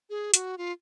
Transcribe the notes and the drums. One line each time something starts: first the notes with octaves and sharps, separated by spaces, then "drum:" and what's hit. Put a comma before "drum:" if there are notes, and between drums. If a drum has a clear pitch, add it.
G#4
F#4, drum: hi-hat
F4